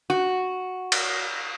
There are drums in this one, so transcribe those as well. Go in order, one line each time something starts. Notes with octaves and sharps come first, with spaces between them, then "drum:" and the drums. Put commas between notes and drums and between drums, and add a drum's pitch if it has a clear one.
F#4
drum: cymbal